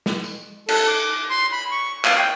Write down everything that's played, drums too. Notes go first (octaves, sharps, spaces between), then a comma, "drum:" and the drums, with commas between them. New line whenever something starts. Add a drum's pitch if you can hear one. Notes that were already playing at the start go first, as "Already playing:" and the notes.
drum: snare
drum: tambourine
A4, drum: cymbal
D6
C6
B5
C#6
F5, drum: clap
G5